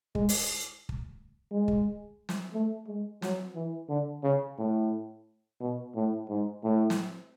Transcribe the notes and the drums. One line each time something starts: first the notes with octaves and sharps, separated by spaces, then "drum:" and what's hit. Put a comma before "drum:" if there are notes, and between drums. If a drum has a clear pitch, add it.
G#3, drum: kick
drum: open hi-hat
drum: kick
G#3
drum: kick
drum: snare
A3
G#3
F#3, drum: snare
E3
D3
C#3
A2
B2
A2
G#2
A2
drum: snare